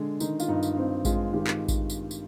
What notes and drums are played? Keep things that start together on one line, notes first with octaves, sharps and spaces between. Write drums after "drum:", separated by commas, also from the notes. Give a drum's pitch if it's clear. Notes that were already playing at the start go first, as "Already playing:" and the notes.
Already playing: D3 G#3
D#3 D#4, drum: tambourine
F4, drum: tambourine
G2 D#4
drum: tambourine
C4 D#4
G#3 F4, drum: kick A1, tambourine
D#3 G4
drum: clap
drum: kick A1, tambourine
drum: tambourine
drum: tambourine